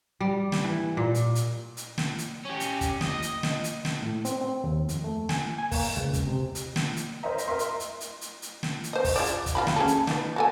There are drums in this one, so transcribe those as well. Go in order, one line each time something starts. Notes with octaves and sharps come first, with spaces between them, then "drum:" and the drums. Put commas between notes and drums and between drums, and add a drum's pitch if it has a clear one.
G3
drum: snare
E3
A#2
drum: hi-hat
drum: hi-hat
drum: hi-hat
drum: snare
drum: hi-hat
C#4 G4
drum: hi-hat
drum: kick, hi-hat
D#5, drum: snare
drum: hi-hat
drum: snare
drum: hi-hat
drum: snare
A2
C4, drum: hi-hat
C4
D#2
F2, drum: hi-hat
A3
G#5, drum: snare
G#5
A#3, drum: kick, open hi-hat
C#2
drum: kick, hi-hat
C3
drum: hi-hat
drum: snare
drum: hi-hat
A#4 C5 C#5 D#5 E5 A#5
drum: hi-hat
A#4 D#5 E5 C6
drum: hi-hat
drum: hi-hat
drum: hi-hat
drum: hi-hat
drum: hi-hat
drum: snare
drum: hi-hat
C5 D#5
drum: kick, open hi-hat
F4 G#4 D5
drum: hi-hat
drum: kick, hi-hat
F4 F#4 B5
drum: snare
C#4 G#4 A4
drum: hi-hat
B3 D#4, drum: snare
F#4 A4 G#5